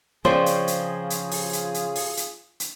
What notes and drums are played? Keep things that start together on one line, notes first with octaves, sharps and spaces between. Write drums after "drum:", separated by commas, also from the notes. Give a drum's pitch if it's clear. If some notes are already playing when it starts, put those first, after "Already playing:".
C#3 F3 C4 F4 G#4 C5 D5
drum: hi-hat
drum: hi-hat
drum: hi-hat
drum: open hi-hat
drum: hi-hat
drum: hi-hat
drum: open hi-hat
drum: hi-hat
drum: hi-hat